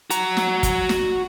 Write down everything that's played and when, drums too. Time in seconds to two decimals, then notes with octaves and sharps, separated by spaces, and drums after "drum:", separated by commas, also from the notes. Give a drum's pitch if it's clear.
0.10 F#4 A#5, drum: hi-hat
0.37 drum: snare
0.63 drum: kick G1, hi-hat
0.89 drum: snare